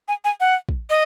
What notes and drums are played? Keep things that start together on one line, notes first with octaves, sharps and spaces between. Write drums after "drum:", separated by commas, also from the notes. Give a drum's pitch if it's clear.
G#5
G#5
F#5
drum: kick
D#5